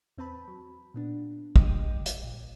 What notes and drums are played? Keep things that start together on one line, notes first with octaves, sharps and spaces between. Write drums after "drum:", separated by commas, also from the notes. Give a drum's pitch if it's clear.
E2 C4 B4 A5 B5
F#3
A#2 B3 D4
G3 D#5 G5 D6 D#7, drum: kick
drum: hi-hat
A#2